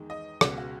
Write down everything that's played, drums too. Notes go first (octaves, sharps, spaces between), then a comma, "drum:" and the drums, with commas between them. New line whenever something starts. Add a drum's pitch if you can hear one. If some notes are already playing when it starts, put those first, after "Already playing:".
Already playing: E2 D#3 G#3
D#5
C#2 B2 G#3 F#4, drum: rim click
F#4